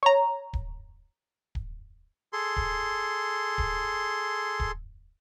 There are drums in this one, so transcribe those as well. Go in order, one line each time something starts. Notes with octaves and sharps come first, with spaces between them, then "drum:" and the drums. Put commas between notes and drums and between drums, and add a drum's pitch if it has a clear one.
C#5 A#5
drum: kick D1
drum: kick D1
G#4 A4 C6
drum: kick D1
drum: kick D1
drum: kick D1